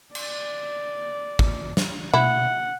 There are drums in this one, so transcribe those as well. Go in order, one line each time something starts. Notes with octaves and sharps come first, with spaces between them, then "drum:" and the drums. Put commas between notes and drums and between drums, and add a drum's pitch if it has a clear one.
D5, drum: cymbal
drum: kick
drum: snare
E4 F#5, drum: tom B2